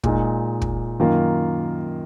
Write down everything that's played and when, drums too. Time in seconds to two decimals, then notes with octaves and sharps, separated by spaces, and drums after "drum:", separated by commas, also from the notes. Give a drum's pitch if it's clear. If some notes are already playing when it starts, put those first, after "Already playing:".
0.04 A#2 G#3 D#4, drum: kick
0.62 drum: kick
1.00 F#2 D#3 A#3 F4